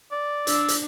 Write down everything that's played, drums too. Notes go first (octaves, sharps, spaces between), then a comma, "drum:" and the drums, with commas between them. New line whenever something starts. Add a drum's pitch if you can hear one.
D5
D4 E6, drum: hi-hat
drum: hi-hat